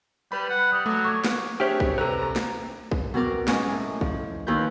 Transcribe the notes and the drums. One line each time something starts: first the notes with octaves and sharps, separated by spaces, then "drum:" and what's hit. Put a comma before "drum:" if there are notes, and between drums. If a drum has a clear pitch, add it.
G3 B4 B5
F#5
G3 D#6
F#3 A3 D6 D#6
C#6 D6 G#6
drum: snare
C4 D4 G4 G#4 C5 C#5 E5 F6
drum: kick B1
C3 A4 B4 A#5
drum: snare
drum: kick B1
B2 F#3 C4 A#4 D6
G#2 C#4 A#4 D#5, drum: snare
A2
F3, drum: kick B1
D#2 F4 B4 G6